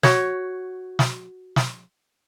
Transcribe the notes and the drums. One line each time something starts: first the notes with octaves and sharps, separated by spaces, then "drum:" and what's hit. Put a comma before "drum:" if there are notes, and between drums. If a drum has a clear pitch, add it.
F#4 C#5, drum: snare
drum: snare
drum: snare